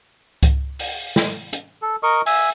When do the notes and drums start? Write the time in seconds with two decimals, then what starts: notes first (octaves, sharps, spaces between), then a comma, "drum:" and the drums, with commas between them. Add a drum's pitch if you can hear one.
0.43 drum: kick C#2, hi-hat
0.79 drum: open hi-hat
1.16 drum: snare
1.53 drum: hi-hat
1.82 A4
2.03 A#4 D#5 C#6
2.26 E5 G#5, drum: open hi-hat